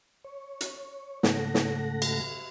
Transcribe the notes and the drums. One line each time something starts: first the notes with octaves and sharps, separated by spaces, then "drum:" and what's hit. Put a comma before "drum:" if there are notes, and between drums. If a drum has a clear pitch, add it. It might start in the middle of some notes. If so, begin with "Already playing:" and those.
C#5
drum: hi-hat
G#2 C#3 A3 A4 F#5 A#6, drum: snare
drum: snare
drum: cymbal